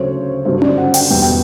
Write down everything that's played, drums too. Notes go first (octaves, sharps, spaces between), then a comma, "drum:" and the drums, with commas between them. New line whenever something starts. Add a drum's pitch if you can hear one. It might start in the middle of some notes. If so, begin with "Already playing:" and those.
Already playing: D2 C#3 F#3 A3 C5 C#5
G2 D3 F#3 C5
D5, drum: tom C#4
F#5
G5, drum: open hi-hat
E2 B2 G3 B3 G5
G5